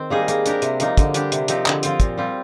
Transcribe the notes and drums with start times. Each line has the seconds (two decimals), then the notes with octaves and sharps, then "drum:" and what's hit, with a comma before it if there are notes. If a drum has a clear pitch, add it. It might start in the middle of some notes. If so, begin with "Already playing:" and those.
Already playing: D#3 C4 C5
0.10 G3 A#3 D#4 G#4
0.28 A#3, drum: hi-hat
0.46 D4 G4 A#4, drum: hi-hat
0.62 C3, drum: hi-hat
0.80 F3 A#3 D#4, drum: hi-hat
0.97 D3, drum: kick, hi-hat
1.14 G3 D4 G4, drum: hi-hat
1.32 C3, drum: hi-hat
1.48 F3 C4 D#4 G4, drum: hi-hat
1.66 D3, drum: clap
1.83 F3 C4 F4 C5, drum: hi-hat
2.00 A#2, drum: kick, hi-hat
2.18 G3 C4 F4